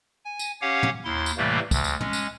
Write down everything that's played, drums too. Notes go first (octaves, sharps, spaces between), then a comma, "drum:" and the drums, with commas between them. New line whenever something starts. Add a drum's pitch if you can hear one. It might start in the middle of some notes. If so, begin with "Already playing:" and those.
G#5
drum: tambourine
C#4 G4 C#5 F5 F#5
drum: tom
D#2 E4 C6
drum: tambourine
A2 C3 E3 G3 A3 A#3
D2, drum: kick, tambourine
drum: tambourine
G#3 C#4, drum: tom
drum: tambourine